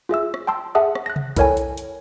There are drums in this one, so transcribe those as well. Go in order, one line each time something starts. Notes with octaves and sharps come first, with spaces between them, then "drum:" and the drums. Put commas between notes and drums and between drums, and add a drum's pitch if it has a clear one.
F4 G#4 E5 E6
drum: rim click
G5 A5 C6 E6
G#4 E5 F#5 A5 D#6
drum: rim click
F#6 A#6
drum: tom C3
E4 A4 A#4 C#5 G5 G#5, drum: kick B1, hi-hat
drum: hi-hat
drum: hi-hat